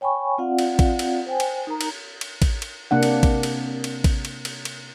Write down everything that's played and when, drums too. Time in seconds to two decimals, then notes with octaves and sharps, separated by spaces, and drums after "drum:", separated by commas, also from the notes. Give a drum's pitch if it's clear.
0.01 C#5 G5 G#5 B5 C#6
0.38 C4 F4 D5 F5 F#5
0.59 drum: cymbal
0.79 drum: kick A1, cymbal
0.99 drum: cymbal
1.26 C5 G5 G#5
1.40 drum: cymbal
1.67 D#4 A#4 A#5
1.81 drum: cymbal
2.21 drum: cymbal
2.42 drum: kick A1, cymbal
2.62 drum: cymbal
2.91 C3 A#3 D4 F#5
3.03 drum: cymbal
3.23 drum: kick A1, cymbal
3.43 drum: cymbal
3.84 drum: cymbal
4.04 drum: kick A1, cymbal
4.25 drum: cymbal
4.45 drum: cymbal
4.65 drum: cymbal